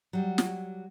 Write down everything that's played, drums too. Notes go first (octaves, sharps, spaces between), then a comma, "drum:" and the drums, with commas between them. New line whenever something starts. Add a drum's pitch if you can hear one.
F#3 G3
drum: snare